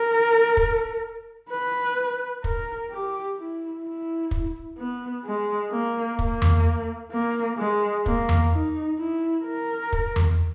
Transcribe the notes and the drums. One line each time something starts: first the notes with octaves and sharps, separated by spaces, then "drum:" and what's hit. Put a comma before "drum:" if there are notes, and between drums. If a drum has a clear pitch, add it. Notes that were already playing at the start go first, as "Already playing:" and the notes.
Already playing: A#4
drum: kick
B4
A#4, drum: kick
G4
E4
E4
drum: kick
B3
G#3
A#3
A#3, drum: kick
drum: tom E2
A#3
G#3
A#3, drum: kick
drum: tom E2
D#4
E4
A#4
drum: kick
drum: tom E2